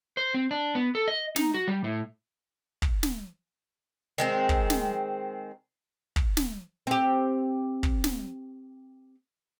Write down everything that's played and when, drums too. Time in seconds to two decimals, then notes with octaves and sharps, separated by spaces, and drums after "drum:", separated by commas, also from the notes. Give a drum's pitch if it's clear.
0.17 C5
0.34 C4
0.51 D4
0.75 B3
0.95 A4
1.08 D#5
1.36 D#4, drum: snare
1.54 F#4
1.68 G3
1.84 A2
2.82 drum: kick
3.03 drum: snare
4.18 D#3 G#3 C4
4.49 drum: kick
4.70 drum: snare
6.16 drum: kick
6.37 drum: snare
6.87 C4 G4
7.83 drum: kick
8.04 drum: snare